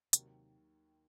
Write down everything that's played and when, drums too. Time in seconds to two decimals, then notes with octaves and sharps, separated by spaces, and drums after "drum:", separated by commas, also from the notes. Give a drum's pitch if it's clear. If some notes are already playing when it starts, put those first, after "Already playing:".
0.13 D#2 C3 D#3 F#3, drum: hi-hat